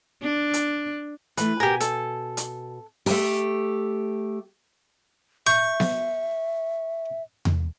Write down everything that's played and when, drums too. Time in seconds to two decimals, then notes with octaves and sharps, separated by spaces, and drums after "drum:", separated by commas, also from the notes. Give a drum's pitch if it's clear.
0.23 D4
0.54 drum: hi-hat
1.37 E3 A3 B4, drum: hi-hat
1.60 B2 G4 A#4 G#5
1.80 A4, drum: hi-hat
2.37 drum: hi-hat
3.06 A3 G4, drum: open hi-hat
5.47 E5 C#6 G6
5.80 drum: snare B3
7.45 drum: tom E2